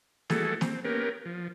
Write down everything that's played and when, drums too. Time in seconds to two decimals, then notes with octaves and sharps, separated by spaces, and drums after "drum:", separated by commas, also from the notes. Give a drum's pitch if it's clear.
0.30 E3 G3 A3 F#4 G#4 A4, drum: snare
0.61 C4, drum: snare
0.85 A#3 B3 C#4 G4 A#4
1.26 F3